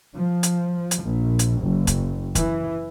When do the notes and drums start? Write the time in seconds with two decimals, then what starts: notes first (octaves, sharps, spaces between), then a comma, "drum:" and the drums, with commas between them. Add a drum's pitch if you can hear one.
0.15 F3
0.43 drum: hi-hat
0.91 drum: hi-hat
1.03 A#1
1.39 drum: hi-hat
1.62 F#1
1.87 drum: kick, hi-hat
2.35 E3, drum: kick, hi-hat